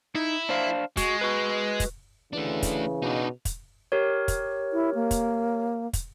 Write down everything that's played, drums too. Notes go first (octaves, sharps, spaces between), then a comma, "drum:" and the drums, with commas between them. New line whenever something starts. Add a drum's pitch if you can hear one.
D#4 E4
D4 C5 F5
G#3 F#4, drum: kick, hi-hat
F#4 B4
drum: kick, hi-hat
C#3 E3 A3 D4
drum: kick, hi-hat
B2 D4 D#4
drum: kick, hi-hat
G4 A#4 C#5
drum: kick, hi-hat
E4
A#3
drum: kick, hi-hat
drum: kick, hi-hat